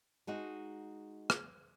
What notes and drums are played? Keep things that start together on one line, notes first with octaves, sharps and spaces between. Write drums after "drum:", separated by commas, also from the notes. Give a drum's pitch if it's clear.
G#3 D#4 F#4
drum: rim click